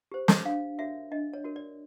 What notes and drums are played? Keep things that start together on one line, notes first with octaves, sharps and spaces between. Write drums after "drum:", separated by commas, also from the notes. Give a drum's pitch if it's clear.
G4 C5
drum: snare
D4 F5
F#4 A#4 C#5 E5
D4 D#5
C#5
F#4 A#4 C#5
D5